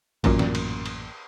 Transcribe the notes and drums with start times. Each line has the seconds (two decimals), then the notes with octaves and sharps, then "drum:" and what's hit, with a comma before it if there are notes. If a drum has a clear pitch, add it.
0.24 A1 F#2 A#2, drum: kick A#1, cymbal
0.39 drum: snare
0.55 drum: cymbal
0.86 drum: cymbal